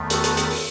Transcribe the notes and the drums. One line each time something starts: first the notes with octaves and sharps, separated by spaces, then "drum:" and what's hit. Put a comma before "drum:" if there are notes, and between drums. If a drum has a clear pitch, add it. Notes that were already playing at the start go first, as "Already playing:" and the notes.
Already playing: E2 D#3 A3
F#4 A4, drum: hi-hat
drum: hi-hat
drum: hi-hat
drum: open hi-hat